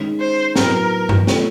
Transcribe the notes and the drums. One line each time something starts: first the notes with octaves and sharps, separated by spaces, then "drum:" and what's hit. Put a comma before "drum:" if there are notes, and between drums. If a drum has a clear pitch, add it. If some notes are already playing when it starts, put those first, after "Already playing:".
Already playing: D#3 G#3 C#4
C5
A2 F#3 B3 A#4, drum: snare
drum: tom G2
A3 C#4 F4 A4 C#5, drum: snare